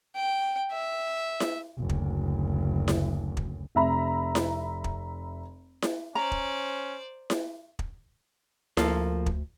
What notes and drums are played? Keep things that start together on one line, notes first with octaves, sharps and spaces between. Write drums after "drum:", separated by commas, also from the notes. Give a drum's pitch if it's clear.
G5
E5
drum: snare E4
F#1 D2
drum: kick
drum: snare E4
drum: kick
F1 E5 A#5 B5
drum: snare E4
drum: kick
drum: snare E4
C#4 C5 D5 A#5
drum: kick
drum: snare E4
drum: kick
D2 F3 A#3 A4, drum: snare E4
drum: kick